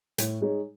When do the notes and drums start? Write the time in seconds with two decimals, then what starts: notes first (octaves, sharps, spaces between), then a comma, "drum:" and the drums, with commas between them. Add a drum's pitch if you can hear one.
0.18 A2, drum: hi-hat
0.41 G#3 D#4 G#4 C#5